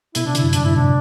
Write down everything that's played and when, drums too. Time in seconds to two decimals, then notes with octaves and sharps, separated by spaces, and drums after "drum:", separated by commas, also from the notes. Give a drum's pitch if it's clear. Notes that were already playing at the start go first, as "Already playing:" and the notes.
0.15 B2 E4, drum: hi-hat
0.25 C3 D4
0.35 D3 E4, drum: hi-hat
0.43 F#2
0.53 G2 D4, drum: hi-hat
0.64 A2 E4
0.76 C3 D4